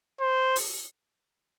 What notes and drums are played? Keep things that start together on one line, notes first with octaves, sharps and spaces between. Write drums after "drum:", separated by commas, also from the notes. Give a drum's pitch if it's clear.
C5
drum: open hi-hat